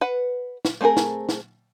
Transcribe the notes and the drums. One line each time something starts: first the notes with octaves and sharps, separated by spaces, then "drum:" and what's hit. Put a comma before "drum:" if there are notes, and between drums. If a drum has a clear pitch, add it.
B4 F#5
drum: snare
A3 C4 F#4 G#4 A#4
drum: snare
drum: snare